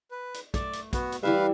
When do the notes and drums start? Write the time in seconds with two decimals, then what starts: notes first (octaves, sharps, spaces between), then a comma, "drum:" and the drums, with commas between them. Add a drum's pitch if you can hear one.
0.11 B4
0.34 drum: hi-hat
0.54 A3 D5, drum: kick, hi-hat
0.73 drum: hi-hat
0.93 B3 F#4, drum: kick, hi-hat
1.12 drum: hi-hat
1.23 E3 G3 E4 B4 E5 F5